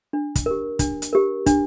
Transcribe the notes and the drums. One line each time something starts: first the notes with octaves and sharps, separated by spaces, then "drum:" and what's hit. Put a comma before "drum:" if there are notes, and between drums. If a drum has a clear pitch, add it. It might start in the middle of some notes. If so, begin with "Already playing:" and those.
D4
drum: kick, hi-hat
G4 A#4
D4, drum: kick, hi-hat
drum: hi-hat
G4 A#4
D4, drum: kick, hi-hat